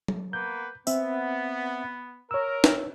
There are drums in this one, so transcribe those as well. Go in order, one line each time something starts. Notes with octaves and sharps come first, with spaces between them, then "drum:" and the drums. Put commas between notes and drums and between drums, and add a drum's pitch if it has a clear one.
drum: tom F#3
A#3 B3 B4 G6
B3 C4 E5, drum: tambourine
A#4 C#5 E6
drum: snare